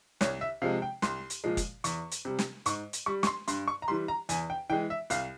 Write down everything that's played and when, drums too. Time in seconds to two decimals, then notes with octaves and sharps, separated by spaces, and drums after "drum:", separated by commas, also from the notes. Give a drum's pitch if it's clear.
0.21 C2 C#5, drum: snare
0.41 E5
0.62 C3 F3 G#3 F5
0.82 G5
1.02 C2 C6, drum: snare
1.30 drum: hi-hat
1.44 A#2 F3 G#3
1.57 drum: kick, hi-hat
1.84 E2 C#6, drum: hi-hat
2.11 drum: hi-hat
2.25 C3 G3
2.39 drum: snare
2.66 G#2 C#6, drum: hi-hat
2.93 drum: hi-hat
3.06 G3 C#6
3.23 C#6, drum: snare
3.27 C6
3.48 G2 C6, drum: hi-hat
3.68 C#6
3.82 A#5
3.88 E3 G3 C6
4.08 A#5
4.29 E2 G#5, drum: hi-hat
4.50 G5
4.70 E3 G#3 G5
4.90 E5
5.10 C2 F5, drum: hi-hat